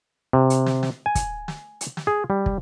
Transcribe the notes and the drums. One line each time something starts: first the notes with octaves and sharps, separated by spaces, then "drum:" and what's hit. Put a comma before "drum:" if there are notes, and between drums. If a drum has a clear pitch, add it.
C3
drum: hi-hat
drum: snare
drum: snare
G#5
drum: kick, hi-hat
drum: snare
drum: hi-hat
drum: snare
G#4
G3
drum: kick